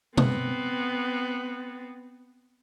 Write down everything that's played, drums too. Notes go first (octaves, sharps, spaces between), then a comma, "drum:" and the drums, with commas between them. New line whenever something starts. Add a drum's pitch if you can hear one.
B3 C4, drum: tom